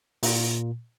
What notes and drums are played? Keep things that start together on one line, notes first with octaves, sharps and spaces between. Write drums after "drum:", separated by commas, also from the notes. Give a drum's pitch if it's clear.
A#2, drum: open hi-hat